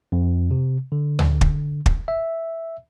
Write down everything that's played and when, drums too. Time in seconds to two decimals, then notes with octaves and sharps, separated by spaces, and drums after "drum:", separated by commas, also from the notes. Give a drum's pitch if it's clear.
0.12 F2
0.51 C3
0.92 D3
1.19 drum: tom D2
1.41 drum: kick
1.86 drum: kick
2.08 E5